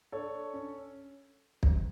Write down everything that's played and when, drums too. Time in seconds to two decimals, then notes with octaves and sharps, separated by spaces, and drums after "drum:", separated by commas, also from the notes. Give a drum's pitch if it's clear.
0.12 D4 A4 C#5
0.54 C#4
1.63 drum: kick